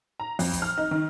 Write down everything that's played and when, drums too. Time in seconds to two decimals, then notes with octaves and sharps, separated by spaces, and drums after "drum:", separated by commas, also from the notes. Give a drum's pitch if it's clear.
0.20 A#5
0.39 F2, drum: open hi-hat
0.53 drum: kick, hi-hat
0.62 F6
0.78 D#4
0.91 D#3